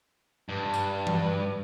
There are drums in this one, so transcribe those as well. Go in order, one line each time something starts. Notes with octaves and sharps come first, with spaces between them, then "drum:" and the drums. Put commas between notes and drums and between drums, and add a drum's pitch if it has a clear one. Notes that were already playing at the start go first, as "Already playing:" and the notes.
G2
drum: tambourine
drum: tom E3